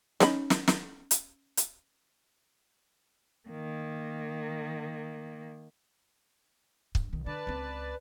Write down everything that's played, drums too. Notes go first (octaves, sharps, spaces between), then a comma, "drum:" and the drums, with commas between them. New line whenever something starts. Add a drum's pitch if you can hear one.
C#4 D#4 B5, drum: snare
drum: snare
drum: snare
drum: hi-hat
drum: hi-hat
D#3 A#3
G2, drum: kick
B1 D#3
D3 B4 D5 A5
C#2 C4